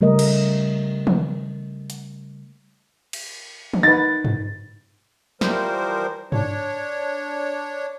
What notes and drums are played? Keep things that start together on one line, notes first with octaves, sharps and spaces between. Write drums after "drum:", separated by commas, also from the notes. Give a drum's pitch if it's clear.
C#3 G3 A3 A#4 D#5
drum: cymbal
drum: tom D#3
drum: hi-hat
drum: cymbal
drum: tom D#3
D#4 B4 A6
drum: tom G2
E3 F3 G3 A#4 C5, drum: snare
D4 C#5, drum: tom G2